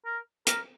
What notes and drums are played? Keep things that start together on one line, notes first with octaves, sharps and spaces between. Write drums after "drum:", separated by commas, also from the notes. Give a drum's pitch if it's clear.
A#4
A#4, drum: hi-hat